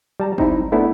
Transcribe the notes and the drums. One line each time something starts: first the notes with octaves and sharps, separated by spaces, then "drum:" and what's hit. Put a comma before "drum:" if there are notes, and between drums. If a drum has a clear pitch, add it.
G3 A5 A#5
C4 D#4 E4, drum: kick G1
A3 B3 D4 E4 A4